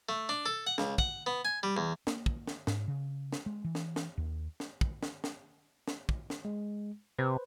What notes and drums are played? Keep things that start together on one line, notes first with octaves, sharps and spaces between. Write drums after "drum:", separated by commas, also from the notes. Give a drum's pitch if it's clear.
A3
D4
A4
F#5
C#2, drum: snare
F#5, drum: kick
B3
G#5
G3
E2
A#3, drum: snare
drum: kick
drum: snare
G#2, drum: snare
C#3
drum: snare
G#3
E3
drum: snare
drum: snare
D#2
drum: snare
drum: kick
drum: snare
drum: snare
drum: snare
drum: kick
drum: snare
G#3
C3 B4 C5